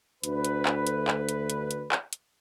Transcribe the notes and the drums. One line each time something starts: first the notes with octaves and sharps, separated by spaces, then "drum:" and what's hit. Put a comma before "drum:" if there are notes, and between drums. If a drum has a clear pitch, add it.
D2 B4, drum: hi-hat
drum: hi-hat
drum: clap
drum: hi-hat
drum: clap
drum: hi-hat
drum: hi-hat
drum: hi-hat
drum: clap
drum: hi-hat